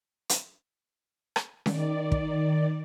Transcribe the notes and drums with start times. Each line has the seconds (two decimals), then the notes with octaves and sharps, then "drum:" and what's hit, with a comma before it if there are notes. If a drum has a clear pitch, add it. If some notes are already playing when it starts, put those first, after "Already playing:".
0.29 drum: hi-hat
1.36 drum: rim click
1.66 D#3 D5, drum: snare C#4
2.12 drum: kick